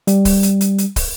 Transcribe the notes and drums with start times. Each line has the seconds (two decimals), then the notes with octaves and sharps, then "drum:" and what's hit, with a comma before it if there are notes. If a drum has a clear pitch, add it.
0.07 G3, drum: hi-hat
0.25 drum: kick, open hi-hat
0.43 drum: hi-hat
0.61 drum: hi-hat
0.78 drum: hi-hat
0.96 drum: kick, open hi-hat